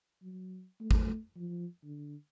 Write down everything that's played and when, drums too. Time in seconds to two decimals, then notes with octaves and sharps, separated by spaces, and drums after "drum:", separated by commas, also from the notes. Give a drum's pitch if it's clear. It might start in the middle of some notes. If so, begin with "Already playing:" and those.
0.22 F#3
0.80 A3
0.91 drum: kick
1.36 F3
1.84 D3